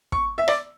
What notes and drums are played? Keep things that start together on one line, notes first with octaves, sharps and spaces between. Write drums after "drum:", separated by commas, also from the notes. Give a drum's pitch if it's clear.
C#6, drum: kick
E5
D5, drum: rim click